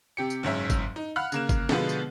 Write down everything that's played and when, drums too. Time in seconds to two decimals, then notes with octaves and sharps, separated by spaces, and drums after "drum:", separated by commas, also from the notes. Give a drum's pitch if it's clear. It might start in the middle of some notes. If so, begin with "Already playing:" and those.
0.17 C3 G4 C#7
0.30 drum: tambourine
0.43 F#1 G#2 C#4 E5
0.70 drum: kick, tambourine
0.96 D#4
1.16 F5 F#5 B5 F6 F#6
1.32 C#3 A#3 E7, drum: tambourine
1.49 drum: kick, tambourine
1.69 B2 D3 F3 G#3 B3 F4, drum: snare
1.89 drum: tambourine